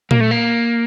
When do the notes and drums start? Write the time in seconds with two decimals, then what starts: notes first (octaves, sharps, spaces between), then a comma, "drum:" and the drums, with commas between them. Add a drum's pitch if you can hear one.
0.11 A#3, drum: tom A#2
0.20 A3
0.31 A#3